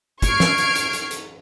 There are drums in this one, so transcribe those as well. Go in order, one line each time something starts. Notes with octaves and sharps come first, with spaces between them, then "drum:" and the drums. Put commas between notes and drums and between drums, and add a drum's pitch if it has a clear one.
C#6 F6 G#6 C7 D7, drum: kick, hi-hat
drum: snare
drum: hi-hat
drum: hi-hat
drum: hi-hat
drum: hi-hat